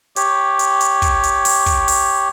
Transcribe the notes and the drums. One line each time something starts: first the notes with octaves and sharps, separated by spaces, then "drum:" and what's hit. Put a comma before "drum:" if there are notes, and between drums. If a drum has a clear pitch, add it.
G4 C#5, drum: hi-hat
drum: hi-hat
drum: hi-hat
drum: kick, hi-hat
drum: hi-hat
drum: open hi-hat
drum: kick, hi-hat
drum: open hi-hat